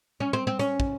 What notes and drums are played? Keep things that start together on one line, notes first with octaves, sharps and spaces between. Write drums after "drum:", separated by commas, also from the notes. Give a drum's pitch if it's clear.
C#4
C4
C4
C#4, drum: hi-hat
drum: kick